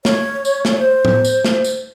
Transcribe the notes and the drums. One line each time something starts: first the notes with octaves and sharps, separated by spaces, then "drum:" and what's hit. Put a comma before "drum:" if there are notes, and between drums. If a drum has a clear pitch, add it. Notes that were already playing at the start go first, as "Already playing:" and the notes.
C#5, drum: snare
drum: tambourine
drum: snare
C5
drum: tom
drum: tambourine
drum: snare
drum: tambourine